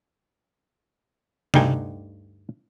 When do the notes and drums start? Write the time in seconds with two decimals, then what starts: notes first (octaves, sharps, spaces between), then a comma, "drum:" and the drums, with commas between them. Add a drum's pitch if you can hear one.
1.54 D2 G2 D3 D#4 G5 G#5, drum: tom C3